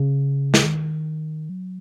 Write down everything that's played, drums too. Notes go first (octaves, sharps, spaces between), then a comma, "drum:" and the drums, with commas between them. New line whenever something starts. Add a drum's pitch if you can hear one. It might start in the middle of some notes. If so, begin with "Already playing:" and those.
Already playing: C#3
drum: snare
D#3
F#3